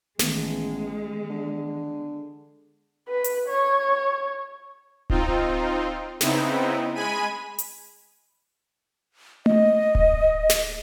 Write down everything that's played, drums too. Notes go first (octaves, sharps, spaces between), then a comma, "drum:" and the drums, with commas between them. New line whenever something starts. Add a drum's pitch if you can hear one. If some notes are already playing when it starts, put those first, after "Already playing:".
A1 D#3 E3 G#3 B3, drum: snare
D3
B4
drum: hi-hat
C#5
C4 D#4 F4, drum: kick D1
C#3 B3 C4 D#4 E4, drum: snare
G#3 G#5 B5 D#7
drum: hi-hat
D#5, drum: tom A3
drum: kick D1
drum: snare